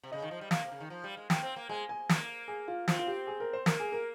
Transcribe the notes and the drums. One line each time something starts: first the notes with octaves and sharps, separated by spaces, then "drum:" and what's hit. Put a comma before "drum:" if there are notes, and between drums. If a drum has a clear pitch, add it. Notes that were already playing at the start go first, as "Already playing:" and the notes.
C3
C#3 D#5
D#3
F3
G3
A#3 F5, drum: snare
C3
C#3
D#3
F3
G3
G#3
A#3 G5, drum: snare
C4
A#3
G#3 G#5
G#5
A#3, drum: snare
G#4
F4
C4 F4, drum: snare
F4
G4
G#4
A#4
C5
A#3 A#4, drum: snare
G#4
A#4